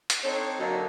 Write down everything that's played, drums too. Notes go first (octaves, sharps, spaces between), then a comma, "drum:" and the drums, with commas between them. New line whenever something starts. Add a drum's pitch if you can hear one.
drum: hi-hat
C4 D4 D#4 A4 C#5
D3 F#3 A#3 D#4 F#4 D#5